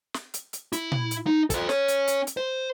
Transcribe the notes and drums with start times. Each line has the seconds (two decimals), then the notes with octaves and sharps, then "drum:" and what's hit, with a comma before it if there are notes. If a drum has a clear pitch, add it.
0.14 drum: snare
0.34 drum: hi-hat
0.53 drum: hi-hat
0.73 E4, drum: hi-hat
0.92 drum: tom A#2
1.11 drum: hi-hat
1.27 D#4
1.50 A4 C5, drum: kick, hi-hat
1.69 C#4 C#5, drum: snare
1.88 drum: hi-hat
2.08 drum: hi-hat
2.27 drum: hi-hat
2.37 C5